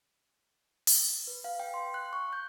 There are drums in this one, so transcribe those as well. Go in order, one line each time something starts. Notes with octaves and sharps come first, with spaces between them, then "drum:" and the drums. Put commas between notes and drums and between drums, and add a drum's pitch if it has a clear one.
drum: open hi-hat
B4
F5
G5
C6
F#6
C#6
G6